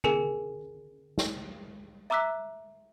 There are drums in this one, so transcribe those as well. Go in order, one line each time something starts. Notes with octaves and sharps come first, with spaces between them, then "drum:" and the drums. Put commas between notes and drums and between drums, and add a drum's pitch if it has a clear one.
G#4 A#4 G#5 C#7, drum: tom D3
drum: snare
E5 A#5 D6 E6 F#6 B6